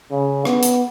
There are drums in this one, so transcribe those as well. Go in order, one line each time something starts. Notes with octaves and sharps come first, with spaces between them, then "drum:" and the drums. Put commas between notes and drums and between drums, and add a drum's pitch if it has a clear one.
C#3
B3, drum: rim click
drum: hi-hat